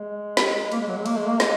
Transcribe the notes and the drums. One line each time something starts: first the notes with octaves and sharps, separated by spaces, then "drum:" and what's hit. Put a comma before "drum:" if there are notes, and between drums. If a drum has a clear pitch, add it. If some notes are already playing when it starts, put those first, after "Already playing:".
Already playing: G#3
drum: snare
A#3, drum: cymbal
G#3
F#3
G#3
A#3, drum: cymbal
G#3
A#3
G#3, drum: snare